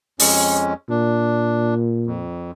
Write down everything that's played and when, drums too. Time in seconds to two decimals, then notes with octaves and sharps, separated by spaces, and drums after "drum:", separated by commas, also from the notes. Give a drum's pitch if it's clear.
0.20 F2 G#3 C#4, drum: open hi-hat
0.90 A#2 D4
2.07 F2